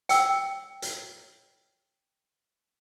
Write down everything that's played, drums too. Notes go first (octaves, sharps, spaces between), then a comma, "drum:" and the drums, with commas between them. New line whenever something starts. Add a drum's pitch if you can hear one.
G5 E6, drum: hi-hat
drum: hi-hat